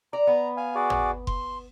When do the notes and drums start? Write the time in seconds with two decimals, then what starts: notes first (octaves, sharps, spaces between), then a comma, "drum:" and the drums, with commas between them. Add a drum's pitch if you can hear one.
0.13 D5 A#5
0.27 B3
0.57 F5 G#5
0.75 F#4 G#4 D5
0.90 drum: tom
1.27 C6, drum: kick F1